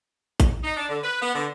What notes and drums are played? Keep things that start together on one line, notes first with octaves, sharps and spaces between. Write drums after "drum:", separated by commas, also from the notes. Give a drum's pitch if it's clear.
drum: kick G#1, hi-hat
D#4
D4
D3
B4
B3
D3